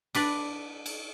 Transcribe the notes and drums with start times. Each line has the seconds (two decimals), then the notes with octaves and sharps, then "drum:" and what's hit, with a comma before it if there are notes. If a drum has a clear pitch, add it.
0.15 D4 B4 D5, drum: cymbal
0.86 drum: cymbal